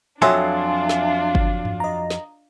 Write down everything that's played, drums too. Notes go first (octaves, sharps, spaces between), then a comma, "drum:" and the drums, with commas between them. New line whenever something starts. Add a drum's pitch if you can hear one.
F2 F#3 D4 F4 A4 E5 G#5 C6
drum: snare
drum: kick G1
drum: tom G2
D#5 A#5
drum: snare